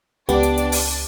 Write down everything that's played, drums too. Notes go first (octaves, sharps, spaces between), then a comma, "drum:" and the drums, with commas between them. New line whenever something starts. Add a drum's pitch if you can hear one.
C#2 B3 D4 G4 D5, drum: kick, hi-hat
drum: hi-hat
drum: hi-hat
drum: open hi-hat